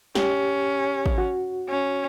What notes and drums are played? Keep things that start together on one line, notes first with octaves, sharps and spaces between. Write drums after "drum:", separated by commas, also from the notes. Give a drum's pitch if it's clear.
C#4 G4, drum: snare
drum: kick
F#4
C#4